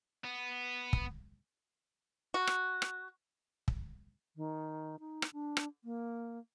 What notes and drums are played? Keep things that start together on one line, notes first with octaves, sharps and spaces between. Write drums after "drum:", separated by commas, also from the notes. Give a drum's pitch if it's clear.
B3
drum: kick
F#4
drum: rim click
drum: rim click
drum: kick
D#3
D#4
drum: rim click
D4
drum: rim click
A#3